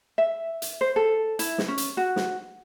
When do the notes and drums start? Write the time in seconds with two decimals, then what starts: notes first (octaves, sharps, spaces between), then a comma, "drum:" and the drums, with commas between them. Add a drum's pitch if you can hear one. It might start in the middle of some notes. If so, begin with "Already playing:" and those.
0.18 E5
0.62 drum: hi-hat
0.81 C5
0.96 A4
1.39 E4, drum: hi-hat
1.58 drum: snare
1.68 C#4
1.78 drum: hi-hat
1.97 F#4
2.16 drum: snare